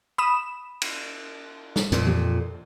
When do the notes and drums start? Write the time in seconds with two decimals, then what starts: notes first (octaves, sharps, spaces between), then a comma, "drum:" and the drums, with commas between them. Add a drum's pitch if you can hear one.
0.18 B5 D#6 E7
0.82 drum: cymbal
1.76 drum: snare
1.92 F2 A#2, drum: hi-hat
2.07 drum: tom E3